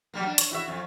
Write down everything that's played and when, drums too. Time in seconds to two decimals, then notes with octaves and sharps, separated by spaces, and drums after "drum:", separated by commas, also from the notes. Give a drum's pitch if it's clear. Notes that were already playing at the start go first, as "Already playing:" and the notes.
0.14 F#3 G3 A#3
0.26 D4
0.38 C#5, drum: hi-hat
0.51 E4 F#4 E5
0.68 F2